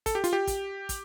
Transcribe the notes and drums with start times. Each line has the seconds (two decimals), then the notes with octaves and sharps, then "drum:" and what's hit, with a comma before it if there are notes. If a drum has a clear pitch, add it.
0.06 A4, drum: kick, hi-hat
0.15 G4
0.24 F4, drum: hi-hat
0.33 G4
0.47 drum: kick, hi-hat
0.89 drum: kick, hi-hat